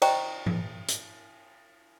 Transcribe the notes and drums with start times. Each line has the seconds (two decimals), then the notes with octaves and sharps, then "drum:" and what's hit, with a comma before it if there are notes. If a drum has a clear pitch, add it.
0.02 C5 D5 D#5 G5 A#5 C#6, drum: cymbal
0.46 drum: tom G#2
0.88 drum: hi-hat